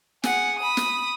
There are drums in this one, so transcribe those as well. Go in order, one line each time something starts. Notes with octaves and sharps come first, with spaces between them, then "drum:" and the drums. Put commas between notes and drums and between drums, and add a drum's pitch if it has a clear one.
G#4 F#5, drum: snare
B5 D#6
drum: snare